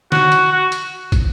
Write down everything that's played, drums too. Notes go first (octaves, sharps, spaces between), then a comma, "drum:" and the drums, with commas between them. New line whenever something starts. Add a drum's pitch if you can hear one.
F#4, drum: snare
drum: hi-hat
F#4
drum: hi-hat
drum: kick, hi-hat